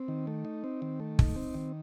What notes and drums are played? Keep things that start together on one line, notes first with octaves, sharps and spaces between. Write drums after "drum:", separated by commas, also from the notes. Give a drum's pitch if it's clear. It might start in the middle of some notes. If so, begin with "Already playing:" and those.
Already playing: C4
D#3
A3
D#4
C4
D#3
A3
D#4, drum: kick
C4
D#3